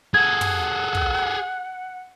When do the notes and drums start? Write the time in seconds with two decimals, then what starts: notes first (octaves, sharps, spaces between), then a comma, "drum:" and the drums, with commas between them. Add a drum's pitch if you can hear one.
0.14 G#4 A4 F#5 G#6
0.41 drum: tom
0.95 drum: kick